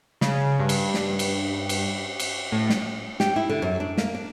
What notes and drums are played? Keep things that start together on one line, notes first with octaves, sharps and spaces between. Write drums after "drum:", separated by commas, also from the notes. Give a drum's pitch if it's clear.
C#3, drum: snare
G2
drum: cymbal
drum: snare
drum: cymbal
drum: cymbal
drum: cymbal
A2
drum: snare
G4, drum: snare
E4
D3
F#2
D4
A#3, drum: snare
D4